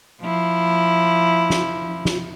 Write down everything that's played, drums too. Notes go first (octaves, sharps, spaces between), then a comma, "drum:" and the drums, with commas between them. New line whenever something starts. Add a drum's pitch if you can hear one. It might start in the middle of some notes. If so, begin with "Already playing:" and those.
F3 E4
drum: snare
drum: snare